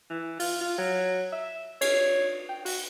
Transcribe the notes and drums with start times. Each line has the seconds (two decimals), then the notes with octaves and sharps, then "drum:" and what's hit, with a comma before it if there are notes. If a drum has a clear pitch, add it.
0.10 E3
0.40 F4, drum: open hi-hat
0.61 F4
0.78 F#3
1.33 E5
1.81 C#5, drum: cymbal
2.49 G5
2.66 F#4, drum: open hi-hat